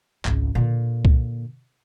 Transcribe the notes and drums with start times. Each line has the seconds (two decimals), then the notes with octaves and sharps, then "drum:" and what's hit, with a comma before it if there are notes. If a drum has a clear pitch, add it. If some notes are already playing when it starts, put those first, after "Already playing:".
0.25 G#1 C#2, drum: clap
0.55 A#2 D3
1.05 drum: kick